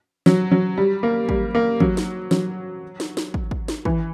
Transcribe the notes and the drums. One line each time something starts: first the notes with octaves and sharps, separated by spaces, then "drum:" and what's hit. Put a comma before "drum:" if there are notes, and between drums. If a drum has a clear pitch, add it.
F#3, drum: snare
F#3
G3
A#3
G3, drum: kick
A#3
F#3, drum: kick
drum: snare
F#3, drum: snare
drum: snare
drum: snare
drum: kick
drum: kick
drum: snare
E3, drum: kick